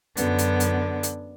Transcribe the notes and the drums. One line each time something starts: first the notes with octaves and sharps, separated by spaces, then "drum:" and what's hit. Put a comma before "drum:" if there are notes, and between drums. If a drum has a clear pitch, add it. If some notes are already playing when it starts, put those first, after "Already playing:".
F#2 D3 B3, drum: hi-hat
drum: hi-hat
drum: hi-hat
drum: hi-hat